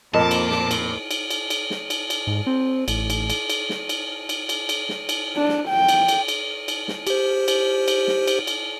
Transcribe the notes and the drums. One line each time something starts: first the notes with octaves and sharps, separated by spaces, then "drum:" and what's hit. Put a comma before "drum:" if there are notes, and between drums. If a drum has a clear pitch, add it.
F2 A#2 A#4 C5 D#5 A5 D6
drum: cymbal
drum: snare
drum: cymbal
drum: cymbal
drum: cymbal
drum: cymbal
drum: snare
drum: cymbal
drum: cymbal
G#2
C4
A1, drum: cymbal
drum: cymbal
drum: cymbal
drum: cymbal
drum: snare
drum: cymbal
drum: cymbal
drum: cymbal
drum: cymbal
drum: snare
drum: cymbal
D4
drum: snare
G5
drum: cymbal
drum: cymbal
drum: cymbal
drum: cymbal
drum: snare
G4 C5, drum: cymbal
drum: cymbal
drum: cymbal
drum: snare
drum: cymbal
drum: cymbal